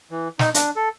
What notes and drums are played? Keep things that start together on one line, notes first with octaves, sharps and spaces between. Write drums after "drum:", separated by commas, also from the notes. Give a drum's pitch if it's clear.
E3
D#4, drum: snare
D4, drum: hi-hat
A4